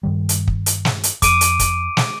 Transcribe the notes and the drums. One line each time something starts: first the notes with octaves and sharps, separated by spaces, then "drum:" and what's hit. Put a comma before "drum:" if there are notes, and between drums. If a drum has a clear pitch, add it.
G2 D#3 G3
drum: hi-hat
drum: kick
drum: hi-hat
drum: snare
drum: hi-hat
F2 D6 D7 D#7, drum: kick, hi-hat
drum: hi-hat
drum: kick, hi-hat
drum: snare